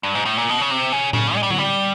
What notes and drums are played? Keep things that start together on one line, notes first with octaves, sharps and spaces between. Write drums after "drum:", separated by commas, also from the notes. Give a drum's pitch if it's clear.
G2
G#2
A2
A#2
B2
C#3
C3
C#3
C#3, drum: tom A2
G#3
G3
F#3, drum: tom D3
G3